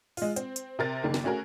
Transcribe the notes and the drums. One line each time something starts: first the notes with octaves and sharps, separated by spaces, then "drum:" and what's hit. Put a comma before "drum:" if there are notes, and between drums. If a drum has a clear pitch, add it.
G#3 F4, drum: open hi-hat
C4, drum: hi-hat
drum: hi-hat
C3 A#4 A6
F#1 D#3 A#3
drum: snare
A3 C#4 F#4 G#4 A#4